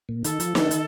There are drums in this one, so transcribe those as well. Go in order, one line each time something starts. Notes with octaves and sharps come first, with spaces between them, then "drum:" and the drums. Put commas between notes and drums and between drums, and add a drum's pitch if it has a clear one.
A#2
D#3 A4, drum: hi-hat
F3, drum: hi-hat
D3, drum: snare
D#3, drum: hi-hat